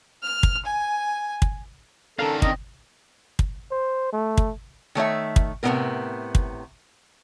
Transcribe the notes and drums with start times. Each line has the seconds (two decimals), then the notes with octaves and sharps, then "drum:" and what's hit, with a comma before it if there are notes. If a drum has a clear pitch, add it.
0.22 F6
0.43 drum: kick
0.65 G#5
1.42 drum: kick
2.19 D#3 C#4 D4 A4 A#4 F5
2.42 C4 D#5, drum: kick
3.39 drum: kick
3.71 C5
4.13 A3
4.37 drum: kick
4.95 D#3 A3 C#5 E5
5.36 drum: kick
5.63 A2 C3 D#3 F#3 B3 A#4
6.35 drum: kick